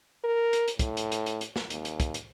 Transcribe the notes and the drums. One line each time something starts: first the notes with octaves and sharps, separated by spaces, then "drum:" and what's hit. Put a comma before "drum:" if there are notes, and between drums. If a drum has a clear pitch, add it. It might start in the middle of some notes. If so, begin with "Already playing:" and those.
A#4
drum: hi-hat
drum: hi-hat
A2, drum: kick, hi-hat
drum: hi-hat
drum: hi-hat
drum: hi-hat
drum: hi-hat
drum: snare
D#2, drum: hi-hat
drum: hi-hat
drum: kick, hi-hat
drum: hi-hat